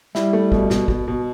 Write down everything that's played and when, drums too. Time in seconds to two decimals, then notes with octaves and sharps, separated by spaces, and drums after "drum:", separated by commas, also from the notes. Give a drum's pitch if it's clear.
0.15 G3 E4, drum: snare
0.33 A3
0.52 B2, drum: kick
0.70 B2, drum: snare
0.88 B2, drum: kick
1.08 B2